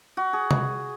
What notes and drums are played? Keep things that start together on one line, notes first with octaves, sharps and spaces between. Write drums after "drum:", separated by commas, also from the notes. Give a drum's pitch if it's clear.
F#4
G#4
drum: tom C3